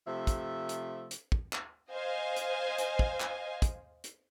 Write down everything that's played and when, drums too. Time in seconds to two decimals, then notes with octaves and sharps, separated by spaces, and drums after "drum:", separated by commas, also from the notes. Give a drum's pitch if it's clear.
0.06 C3 F3 A3 E5
0.27 drum: kick, hi-hat
0.69 drum: hi-hat
1.11 drum: hi-hat
1.32 drum: kick
1.53 drum: clap
1.91 C5 D#5 F5 G#5
2.37 drum: hi-hat
2.78 drum: hi-hat
2.99 drum: kick
3.20 drum: clap
3.62 drum: kick, hi-hat
4.04 drum: hi-hat